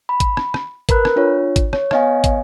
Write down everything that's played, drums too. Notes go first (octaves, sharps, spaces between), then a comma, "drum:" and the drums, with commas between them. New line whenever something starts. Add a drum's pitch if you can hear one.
B5
drum: kick, hi-hat
drum: rim click
drum: rim click
A#4 B4 B5 F#6, drum: kick, hi-hat
drum: rim click
D4 F4 C#5
drum: kick, hi-hat
C#5, drum: rim click
B3 C#5 D#5 F5 G#5, drum: rim click
drum: kick, hi-hat